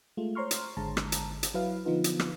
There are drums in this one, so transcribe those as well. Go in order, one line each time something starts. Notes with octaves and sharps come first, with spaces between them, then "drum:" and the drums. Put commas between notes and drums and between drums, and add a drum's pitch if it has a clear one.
G#3 A3 F4
C5 C#5 A#5 C6 C#6 F6
drum: hi-hat
G#1 D3 G#3 A5 A#5
drum: rim click
drum: hi-hat
drum: hi-hat
F#3 E4 B4 F5
D3 F3 B3 D#4 F4 B4
drum: hi-hat
drum: rim click